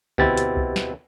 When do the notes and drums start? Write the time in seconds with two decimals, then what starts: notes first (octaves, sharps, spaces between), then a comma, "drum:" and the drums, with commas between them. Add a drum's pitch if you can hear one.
0.18 D2 B2 C4 E4 G4 A6, drum: kick C2
0.37 drum: hi-hat
0.57 drum: kick C2
0.76 drum: snare